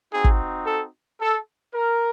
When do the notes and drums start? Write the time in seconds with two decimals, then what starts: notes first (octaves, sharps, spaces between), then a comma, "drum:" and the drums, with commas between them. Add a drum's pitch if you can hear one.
0.12 C4 D#4 F#4 G#4
0.24 drum: kick
0.66 A4
1.21 A4
1.74 A#4